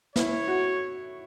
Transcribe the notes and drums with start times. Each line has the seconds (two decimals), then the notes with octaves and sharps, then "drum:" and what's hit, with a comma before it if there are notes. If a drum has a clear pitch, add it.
0.16 E4 C#5, drum: snare
0.48 F#4